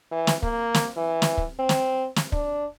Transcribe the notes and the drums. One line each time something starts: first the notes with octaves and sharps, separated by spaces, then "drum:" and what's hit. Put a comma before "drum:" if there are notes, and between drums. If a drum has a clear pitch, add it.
E3
drum: snare
A#3, drum: kick
drum: snare
E3
drum: snare
drum: kick
C4
drum: snare
drum: snare
D4, drum: kick